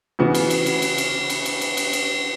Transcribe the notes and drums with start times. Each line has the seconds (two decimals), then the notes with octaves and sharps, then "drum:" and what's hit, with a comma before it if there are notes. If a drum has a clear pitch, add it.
0.19 C#3 E3 B3 F#4
0.34 drum: cymbal
0.50 drum: cymbal
0.66 drum: cymbal
0.82 drum: cymbal
0.98 drum: cymbal
1.30 drum: cymbal
1.45 drum: cymbal
1.61 drum: cymbal
1.77 drum: cymbal
1.93 drum: cymbal